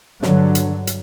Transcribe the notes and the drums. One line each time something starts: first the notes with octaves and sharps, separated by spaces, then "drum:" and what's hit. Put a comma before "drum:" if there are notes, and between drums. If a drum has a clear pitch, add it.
G2 D3 F#3, drum: snare
drum: hi-hat
drum: hi-hat